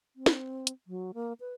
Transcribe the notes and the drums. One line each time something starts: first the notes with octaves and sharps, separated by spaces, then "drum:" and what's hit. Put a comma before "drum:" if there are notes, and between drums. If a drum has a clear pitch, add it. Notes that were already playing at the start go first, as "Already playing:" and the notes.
C4
drum: snare
drum: hi-hat
F#3
A#3
B4